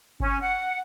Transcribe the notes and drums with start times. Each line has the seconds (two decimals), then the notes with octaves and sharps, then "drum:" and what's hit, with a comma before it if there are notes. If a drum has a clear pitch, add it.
0.20 C#4, drum: kick G1
0.41 F#5